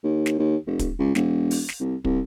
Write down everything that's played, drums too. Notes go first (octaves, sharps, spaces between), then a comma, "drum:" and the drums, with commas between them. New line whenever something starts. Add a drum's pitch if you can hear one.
D#2
drum: snare
D#2
F1
drum: kick, hi-hat
C#2
E1, drum: snare
drum: open hi-hat
drum: snare
C2
C2, drum: kick